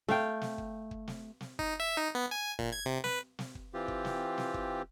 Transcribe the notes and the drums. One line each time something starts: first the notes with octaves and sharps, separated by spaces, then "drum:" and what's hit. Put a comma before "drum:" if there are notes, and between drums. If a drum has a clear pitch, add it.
A3 F5 G5, drum: snare
drum: snare
drum: kick
drum: kick
drum: snare
drum: snare
D#4, drum: kick
E5
D#4
B3
G#5
A#2, drum: kick
G#6
C3
B4, drum: snare
drum: snare
drum: kick
E3 C4 F4 G4
drum: kick
drum: snare
drum: snare
drum: kick